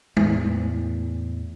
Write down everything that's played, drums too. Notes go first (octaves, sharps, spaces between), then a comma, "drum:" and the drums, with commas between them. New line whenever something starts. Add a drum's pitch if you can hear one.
E2 A2, drum: tom